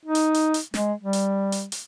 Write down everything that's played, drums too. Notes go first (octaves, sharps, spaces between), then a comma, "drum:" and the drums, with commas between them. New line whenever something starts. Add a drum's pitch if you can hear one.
D#4
drum: hi-hat
drum: hi-hat
drum: hi-hat
G#3, drum: snare
G3
drum: hi-hat
drum: hi-hat
drum: hi-hat